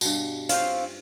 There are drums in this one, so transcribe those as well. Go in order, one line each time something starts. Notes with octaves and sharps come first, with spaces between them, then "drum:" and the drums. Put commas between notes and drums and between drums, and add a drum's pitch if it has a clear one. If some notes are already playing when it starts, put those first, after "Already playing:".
G2 B2, drum: tambourine
C4 C#4 F4 C5 F5, drum: hi-hat